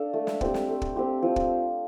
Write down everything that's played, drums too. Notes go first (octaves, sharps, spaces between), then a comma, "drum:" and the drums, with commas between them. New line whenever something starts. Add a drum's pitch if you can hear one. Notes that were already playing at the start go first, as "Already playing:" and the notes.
Already playing: D4 A4 F5
A3
drum: snare
C4 G4 C5, drum: kick
drum: snare
A3
drum: kick
C4 G4 C5
F3
drum: kick